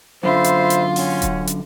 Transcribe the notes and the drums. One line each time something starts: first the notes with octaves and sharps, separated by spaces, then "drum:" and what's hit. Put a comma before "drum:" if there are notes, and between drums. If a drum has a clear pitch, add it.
F#2 D3 F4 C5 E5 B5
drum: hi-hat
drum: hi-hat
C#4 F#5, drum: open hi-hat
drum: kick D#1, hi-hat
drum: hi-hat